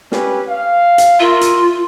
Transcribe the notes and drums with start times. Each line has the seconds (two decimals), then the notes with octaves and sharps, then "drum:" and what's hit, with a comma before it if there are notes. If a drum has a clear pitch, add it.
0.12 C#4 G4 B4, drum: snare
0.48 F5
0.98 drum: hi-hat
1.20 F4 A#4 E5
1.41 drum: hi-hat